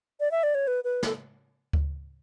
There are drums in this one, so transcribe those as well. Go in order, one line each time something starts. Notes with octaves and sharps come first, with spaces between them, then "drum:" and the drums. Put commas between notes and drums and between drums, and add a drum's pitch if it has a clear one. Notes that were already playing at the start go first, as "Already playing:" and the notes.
D5
E5
D5
C#5
B4
B4
A4, drum: snare
drum: kick D2